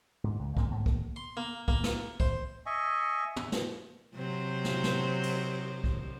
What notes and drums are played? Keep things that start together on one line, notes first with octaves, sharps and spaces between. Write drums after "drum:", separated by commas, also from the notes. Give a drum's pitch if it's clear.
G#2
C#2
G2 A#3 C4, drum: kick
G#2
A#3, drum: kick
C6
A#3
A#3, drum: kick
drum: snare
C5, drum: kick
D#5 E5 G#5 C#6
drum: tom
drum: snare
C3 F#3 C5
drum: snare
drum: snare
drum: cymbal
drum: kick